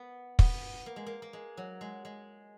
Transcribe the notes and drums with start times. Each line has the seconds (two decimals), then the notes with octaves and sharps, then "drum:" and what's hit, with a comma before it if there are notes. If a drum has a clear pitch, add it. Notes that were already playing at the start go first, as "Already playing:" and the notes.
Already playing: B3
0.39 B3, drum: kick
0.86 A#3
0.96 G#3
1.06 A#3
1.22 A#3
1.33 G#3
1.57 F#3
1.81 G#3
2.05 G#3